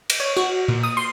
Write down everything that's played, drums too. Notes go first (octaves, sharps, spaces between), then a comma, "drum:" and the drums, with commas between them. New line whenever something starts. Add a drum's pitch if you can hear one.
drum: cymbal
C#5
F#4
A#2
D#6
C6